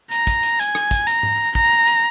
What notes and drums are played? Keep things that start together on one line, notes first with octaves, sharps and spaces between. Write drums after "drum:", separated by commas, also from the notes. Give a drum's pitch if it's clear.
A#5, drum: hi-hat
drum: kick, hi-hat
drum: hi-hat
G#5, drum: hi-hat
drum: rim click
drum: kick, hi-hat
A#5, drum: hi-hat
drum: tom G#2
A#5, drum: kick
drum: hi-hat